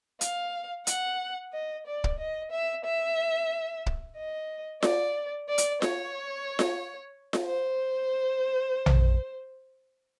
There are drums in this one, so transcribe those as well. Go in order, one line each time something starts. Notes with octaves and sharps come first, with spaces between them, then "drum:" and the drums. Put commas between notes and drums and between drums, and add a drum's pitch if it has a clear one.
F5, drum: hi-hat
F#5, drum: hi-hat
D#5
D5
drum: kick
D#5
E5
E5
drum: kick
D#5
D5, drum: snare F4
D5
drum: hi-hat
C#5, drum: snare F4
drum: snare F4
drum: snare F4
C5
drum: tom A#1